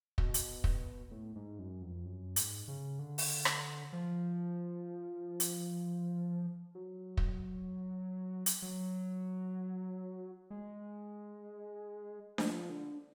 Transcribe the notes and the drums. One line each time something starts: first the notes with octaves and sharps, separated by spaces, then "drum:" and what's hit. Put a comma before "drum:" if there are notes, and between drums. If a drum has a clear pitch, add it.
B2, drum: kick
drum: hi-hat
drum: kick
A2
G#2
F#2
F2
F#2
G#2, drum: hi-hat
C#3
D3
drum: open hi-hat
drum: rim click
F3
drum: hi-hat
F#3
drum: kick
drum: hi-hat
F#3
G#3
F3, drum: snare D4
D3